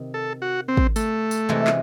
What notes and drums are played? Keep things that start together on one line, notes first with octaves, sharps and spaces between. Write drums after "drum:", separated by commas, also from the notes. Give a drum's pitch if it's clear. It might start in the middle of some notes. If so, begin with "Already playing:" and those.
Already playing: C3 D#3
A4
F#4
C4
drum: kick
A3, drum: tambourine
drum: tambourine
C3 E3 G#3
drum: clap